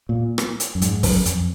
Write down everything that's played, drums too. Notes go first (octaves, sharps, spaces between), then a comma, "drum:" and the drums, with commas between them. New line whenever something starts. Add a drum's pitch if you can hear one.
A#2
drum: rim click
drum: hi-hat
F#2
G#2, drum: hi-hat
F#2, drum: kick, open hi-hat
F2, drum: hi-hat